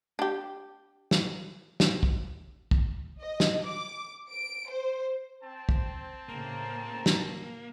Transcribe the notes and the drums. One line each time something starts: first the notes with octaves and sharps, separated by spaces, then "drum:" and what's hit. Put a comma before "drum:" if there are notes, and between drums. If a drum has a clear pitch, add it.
D4 G4
drum: snare
drum: snare
drum: kick
drum: kick
D#5
drum: snare
D6
D7
C5
C4 A5
drum: kick
A2 C#3 A#3 A#5
drum: snare